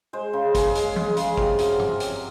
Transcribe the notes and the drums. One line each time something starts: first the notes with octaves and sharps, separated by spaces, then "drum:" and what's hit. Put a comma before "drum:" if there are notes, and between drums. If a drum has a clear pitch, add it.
G#3 C5
C#3
C#3 G#4, drum: kick, hi-hat
G#3, drum: hi-hat
G#3, drum: tom
C#3, drum: hi-hat
C3 F4, drum: kick
F#3, drum: hi-hat
F#3, drum: tom G2
C3, drum: hi-hat